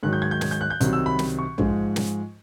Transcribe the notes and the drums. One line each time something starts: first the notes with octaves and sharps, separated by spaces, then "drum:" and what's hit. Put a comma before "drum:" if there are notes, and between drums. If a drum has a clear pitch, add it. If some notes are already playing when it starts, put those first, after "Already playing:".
G#2 D#3 F#3 F#6
G6
G#6
G6
G#6, drum: snare
G6
F#6
G6
C2 C3 D#3 F#3, drum: hi-hat
E6
B5
drum: snare
C#6
G#2 F3 G#3, drum: tom
drum: snare